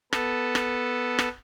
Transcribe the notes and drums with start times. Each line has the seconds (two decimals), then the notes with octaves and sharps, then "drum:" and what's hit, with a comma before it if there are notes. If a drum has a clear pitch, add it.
0.13 B3 A4, drum: rim click
0.55 drum: rim click
1.19 drum: rim click